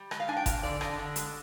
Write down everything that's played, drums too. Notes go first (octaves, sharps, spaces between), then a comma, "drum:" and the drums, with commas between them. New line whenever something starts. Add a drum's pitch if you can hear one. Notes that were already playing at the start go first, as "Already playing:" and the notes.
Already playing: G3
G#3 D#5, drum: rim click
F5
D4 G#5
G5
F2 F5, drum: kick F#1, hi-hat
D3 D5
D4 D#5, drum: rim click
D3
G#3, drum: hi-hat